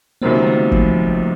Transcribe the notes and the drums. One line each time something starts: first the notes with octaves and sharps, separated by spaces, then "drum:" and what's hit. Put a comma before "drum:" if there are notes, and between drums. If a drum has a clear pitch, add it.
C#2 C3 D#3 F#3 A#3 C4
A3
F3, drum: kick